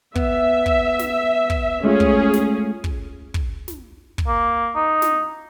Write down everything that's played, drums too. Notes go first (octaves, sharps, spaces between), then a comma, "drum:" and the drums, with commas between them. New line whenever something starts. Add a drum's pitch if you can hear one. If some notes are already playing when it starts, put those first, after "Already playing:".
B3 E5, drum: kick
drum: kick
drum: snare
drum: kick
G#3 A3 C#4 F4 G#4
drum: kick
drum: snare
drum: kick
drum: kick
drum: snare
drum: kick
A#3
D#4
drum: snare